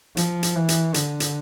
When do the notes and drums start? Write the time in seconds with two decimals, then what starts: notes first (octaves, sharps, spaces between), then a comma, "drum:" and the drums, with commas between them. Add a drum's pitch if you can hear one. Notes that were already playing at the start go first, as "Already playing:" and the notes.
0.17 F3, drum: hi-hat
0.43 drum: hi-hat
0.56 E3
0.68 drum: hi-hat
0.94 D3, drum: hi-hat
1.20 drum: hi-hat